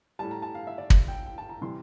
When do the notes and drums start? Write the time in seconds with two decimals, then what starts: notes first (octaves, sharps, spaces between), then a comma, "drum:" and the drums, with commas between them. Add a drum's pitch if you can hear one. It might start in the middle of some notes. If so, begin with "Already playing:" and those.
0.19 A2 G3 A5
0.31 A#5
0.42 A5
0.55 F5
0.67 E5
0.78 D5
0.90 drum: kick
1.08 G5
1.26 G5
1.38 A5
1.49 A#5
1.61 C3 E3 G3 C6